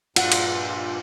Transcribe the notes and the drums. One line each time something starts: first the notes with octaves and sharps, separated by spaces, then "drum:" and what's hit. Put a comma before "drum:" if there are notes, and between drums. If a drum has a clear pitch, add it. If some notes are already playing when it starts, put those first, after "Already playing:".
G2 A#2 F4 F#5, drum: cymbal
drum: cymbal